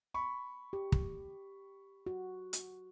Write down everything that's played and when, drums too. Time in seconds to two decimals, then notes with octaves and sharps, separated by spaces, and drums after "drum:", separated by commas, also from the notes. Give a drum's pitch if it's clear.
0.14 B5 C#6
0.73 G4
0.92 drum: kick
2.07 F#4
2.53 drum: hi-hat